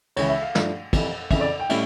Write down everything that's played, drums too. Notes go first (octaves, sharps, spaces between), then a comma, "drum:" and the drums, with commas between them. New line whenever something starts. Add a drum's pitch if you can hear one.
C#2 C#3 E3 C#5, drum: cymbal
E5
F5
G2 F3 A3 D4, drum: snare
F1 F2 E3, drum: kick, cymbal
F2 C#3 E3 E5, drum: kick, cymbal
D5
G5
A2 G3 C#4 E4 E5, drum: cymbal